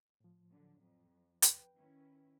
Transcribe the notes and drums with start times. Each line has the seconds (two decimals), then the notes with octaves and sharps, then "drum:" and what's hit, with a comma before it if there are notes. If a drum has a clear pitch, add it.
0.20 A2 F3
0.50 D3 F#3
0.80 F2
1.42 B4 G5, drum: hi-hat
1.76 D#3 C#4 E4